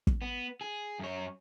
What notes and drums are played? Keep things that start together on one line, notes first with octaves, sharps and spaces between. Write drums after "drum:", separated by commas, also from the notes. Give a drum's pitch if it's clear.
drum: kick
B3
G#4
F#2 C#5